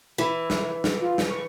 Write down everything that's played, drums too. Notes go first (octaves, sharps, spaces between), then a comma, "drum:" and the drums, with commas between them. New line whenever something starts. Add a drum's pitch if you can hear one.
E3 E4
drum: snare
drum: snare
F4
drum: snare
C#6